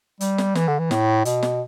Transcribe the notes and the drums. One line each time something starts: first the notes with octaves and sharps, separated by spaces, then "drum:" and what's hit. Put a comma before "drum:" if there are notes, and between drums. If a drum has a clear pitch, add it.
G3, drum: hi-hat
drum: snare
E3, drum: snare
D3
E3
A2, drum: snare
B2, drum: hi-hat
drum: snare